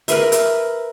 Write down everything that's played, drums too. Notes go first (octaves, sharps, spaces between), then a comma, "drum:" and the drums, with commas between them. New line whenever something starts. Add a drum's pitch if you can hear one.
A#4 B4 E5, drum: hi-hat
drum: hi-hat